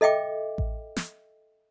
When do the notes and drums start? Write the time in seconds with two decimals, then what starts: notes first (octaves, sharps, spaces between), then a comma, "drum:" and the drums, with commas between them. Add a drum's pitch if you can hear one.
0.01 A4 D#5 E5 G5 D6
0.58 drum: kick A1
0.96 drum: snare